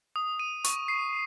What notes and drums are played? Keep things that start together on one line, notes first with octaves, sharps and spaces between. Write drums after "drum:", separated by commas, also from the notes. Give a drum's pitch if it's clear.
D#6
D#7
C#6, drum: hi-hat
C7